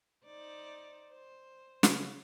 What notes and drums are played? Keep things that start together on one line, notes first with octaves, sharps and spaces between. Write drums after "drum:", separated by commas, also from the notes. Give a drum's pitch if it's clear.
D#4 C5 D5
C5
C#3, drum: snare